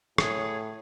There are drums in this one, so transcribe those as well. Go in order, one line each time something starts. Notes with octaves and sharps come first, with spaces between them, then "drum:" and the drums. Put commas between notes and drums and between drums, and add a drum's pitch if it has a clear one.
A2 G#4 C#5, drum: rim click